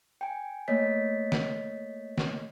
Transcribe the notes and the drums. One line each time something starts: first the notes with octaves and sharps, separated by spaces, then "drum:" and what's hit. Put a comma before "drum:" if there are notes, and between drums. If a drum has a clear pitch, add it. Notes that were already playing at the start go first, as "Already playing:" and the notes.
G5 G#5
A3 A#3 C#5 D#5 B6
drum: snare
drum: snare